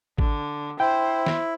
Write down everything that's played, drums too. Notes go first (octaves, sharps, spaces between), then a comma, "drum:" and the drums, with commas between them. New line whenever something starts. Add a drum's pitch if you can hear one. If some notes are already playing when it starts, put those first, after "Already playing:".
D3, drum: kick G#1
E4 C5 G5
drum: snare